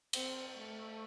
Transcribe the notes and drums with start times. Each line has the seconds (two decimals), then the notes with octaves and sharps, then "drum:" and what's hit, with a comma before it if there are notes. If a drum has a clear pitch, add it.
0.13 C4, drum: cymbal
0.58 A3